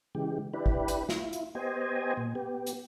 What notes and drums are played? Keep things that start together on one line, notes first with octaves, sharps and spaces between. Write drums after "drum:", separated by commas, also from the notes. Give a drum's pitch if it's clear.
C#3 E3 G#3 G4
D4 E4 G4 B4
drum: kick
drum: hi-hat
E4 F4, drum: snare
drum: hi-hat
B3 G4 C5 D#5 G#5
A#2
B3 G4
drum: hi-hat